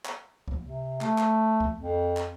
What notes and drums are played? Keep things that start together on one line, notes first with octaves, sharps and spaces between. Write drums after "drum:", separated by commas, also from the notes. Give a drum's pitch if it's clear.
drum: clap
drum: kick C#2
C3
A3, drum: clap
drum: clap
drum: kick C#2
F2
drum: clap